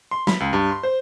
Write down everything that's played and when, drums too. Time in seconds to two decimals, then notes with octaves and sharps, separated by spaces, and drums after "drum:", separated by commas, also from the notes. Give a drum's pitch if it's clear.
0.11 C6
0.27 B5, drum: snare
0.40 C#2
0.53 G2
0.71 C6
0.83 C5